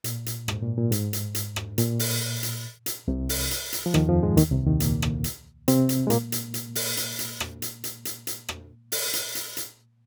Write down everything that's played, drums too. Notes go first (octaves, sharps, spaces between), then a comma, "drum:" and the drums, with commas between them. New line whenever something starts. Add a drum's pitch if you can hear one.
A#2, drum: hi-hat
drum: hi-hat
G#2, drum: rim click
A#2
A#2
G#2, drum: hi-hat
drum: hi-hat
drum: hi-hat
drum: rim click
A#2, drum: hi-hat
drum: open hi-hat
drum: hi-hat
drum: hi-hat
C2 C3
drum: open hi-hat
drum: hi-hat
drum: hi-hat
F3
D#2 D#3, drum: rim click
F2 F3
G#2 G#3
D#2 D#3, drum: hi-hat
C2 C3
D#2 D#3
A#2 A#3, drum: hi-hat
drum: rim click
drum: hi-hat
C3 C4, drum: hi-hat
drum: hi-hat
G#3
A#2 A#3, drum: hi-hat
drum: hi-hat
drum: hi-hat
drum: open hi-hat
drum: hi-hat
drum: hi-hat
drum: rim click
drum: hi-hat
drum: hi-hat
drum: hi-hat
drum: hi-hat
drum: rim click
drum: open hi-hat
drum: hi-hat
drum: hi-hat
drum: hi-hat